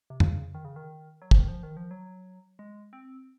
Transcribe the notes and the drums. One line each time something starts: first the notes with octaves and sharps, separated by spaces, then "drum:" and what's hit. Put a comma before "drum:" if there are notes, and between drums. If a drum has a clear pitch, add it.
C3
C#3, drum: tom F2
D#3
C#3
D#3
F#3
F3, drum: kick
D#3
F3
D#3
F3
F#3
G#3
C4